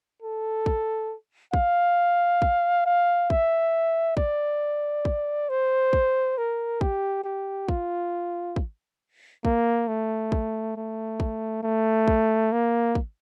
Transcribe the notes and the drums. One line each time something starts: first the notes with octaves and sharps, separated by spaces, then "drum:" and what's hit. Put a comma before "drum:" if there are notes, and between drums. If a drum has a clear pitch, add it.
A4
drum: kick
F5, drum: kick
drum: kick
F5
E5, drum: kick
D5, drum: kick
drum: kick
C5
drum: kick
A#4
G4, drum: kick
G4
F4, drum: kick
drum: kick
A#3, drum: kick
A3
drum: kick
A3
drum: kick
A3
drum: kick
A#3
drum: kick